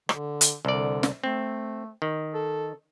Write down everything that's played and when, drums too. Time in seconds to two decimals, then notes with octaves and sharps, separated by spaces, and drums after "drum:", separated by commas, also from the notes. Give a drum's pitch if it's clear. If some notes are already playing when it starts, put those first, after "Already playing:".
0.09 D3, drum: rim click
0.41 drum: hi-hat
0.65 C2 D3 D5
1.03 drum: snare
1.24 A3 C4
2.02 D#3
2.34 A4